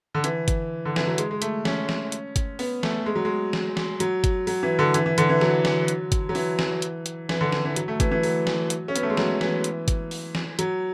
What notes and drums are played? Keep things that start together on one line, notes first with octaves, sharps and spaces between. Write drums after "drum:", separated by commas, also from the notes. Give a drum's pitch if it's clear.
D3
E3, drum: hi-hat
drum: kick G1, hi-hat
D3
E3, drum: snare
F#3
G#3, drum: hi-hat
G#3
A3, drum: hi-hat
C#4, drum: snare
drum: snare
drum: hi-hat
drum: kick G1, hi-hat
B3, drum: open hi-hat
A3, drum: snare
G#3
F#3
G#3
drum: snare
drum: snare
F#3, drum: hi-hat
drum: kick G1, hi-hat
F#3, drum: open hi-hat
E3
D3
E3, drum: hi-hat
E3
D3, drum: hi-hat
E3
F#3, drum: snare
drum: snare
drum: hi-hat
drum: kick G1, hi-hat
F#3
E3, drum: open hi-hat
drum: snare
drum: hi-hat
drum: hi-hat
E3, drum: snare
D3
E3, drum: snare
E3
F#3, drum: hi-hat
A3
E3, drum: kick G1, hi-hat
E3
F#3, drum: open hi-hat
drum: snare
drum: hi-hat
C#4
B3, drum: hi-hat
A3
G#3
F#3, drum: snare
E3, drum: snare
drum: hi-hat
drum: kick G1, hi-hat
drum: open hi-hat
drum: snare
F#3, drum: hi-hat